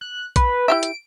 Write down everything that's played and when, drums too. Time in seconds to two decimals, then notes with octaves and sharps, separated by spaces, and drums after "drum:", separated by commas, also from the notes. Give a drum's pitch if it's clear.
0.01 F#6
0.36 B4, drum: kick, hi-hat
0.68 E4 G4 E5 D7
0.83 drum: hi-hat